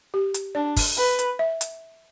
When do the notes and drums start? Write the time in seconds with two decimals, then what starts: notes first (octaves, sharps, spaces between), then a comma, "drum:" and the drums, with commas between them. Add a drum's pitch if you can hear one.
0.14 G4
0.34 drum: hi-hat
0.55 D4 D5
0.76 drum: kick, open hi-hat
0.97 B4
1.19 drum: hi-hat
1.39 E5
1.61 drum: hi-hat